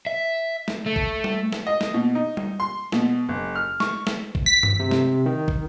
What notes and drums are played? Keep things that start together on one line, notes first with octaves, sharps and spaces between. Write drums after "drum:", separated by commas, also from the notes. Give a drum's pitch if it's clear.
E5
drum: snare
A3
drum: kick
drum: tom G3
drum: snare
D#5
drum: snare
B2
D#4
drum: tom G3
C6
B2, drum: snare
F#1
F6
C#6, drum: snare
drum: snare
drum: kick
B6
drum: tom G2
C3
drum: snare
D#3
drum: kick